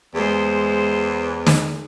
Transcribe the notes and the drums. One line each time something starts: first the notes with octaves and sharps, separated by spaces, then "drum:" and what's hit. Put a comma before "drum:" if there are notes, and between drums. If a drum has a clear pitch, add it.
E2 G#3 C5
drum: snare